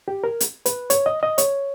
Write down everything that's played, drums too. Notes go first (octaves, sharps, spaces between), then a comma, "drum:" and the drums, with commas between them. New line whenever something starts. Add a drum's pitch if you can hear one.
G4
A#4
drum: hi-hat
B4, drum: hi-hat
C#5, drum: hi-hat
D#5
D#5
C#5, drum: hi-hat